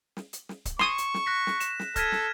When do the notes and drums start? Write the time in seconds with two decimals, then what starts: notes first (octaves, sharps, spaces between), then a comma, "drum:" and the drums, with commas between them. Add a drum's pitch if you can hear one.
0.17 drum: snare
0.33 drum: hi-hat
0.49 drum: snare
0.65 drum: kick C#1, hi-hat
0.79 C6 C#6 D#6 E7, drum: snare
0.98 drum: hi-hat
1.14 drum: snare
1.26 F#6 A#6 B6
1.47 drum: snare
1.60 E7, drum: hi-hat
1.79 drum: snare
1.96 A4 F6 G#6 A#6 B6 D#7, drum: kick C#1, hi-hat
2.12 drum: snare